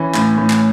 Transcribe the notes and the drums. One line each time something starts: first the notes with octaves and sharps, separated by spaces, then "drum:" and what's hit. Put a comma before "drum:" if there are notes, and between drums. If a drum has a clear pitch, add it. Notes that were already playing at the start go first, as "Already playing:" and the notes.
Already playing: E3 C#4
A2, drum: clap
A2
drum: clap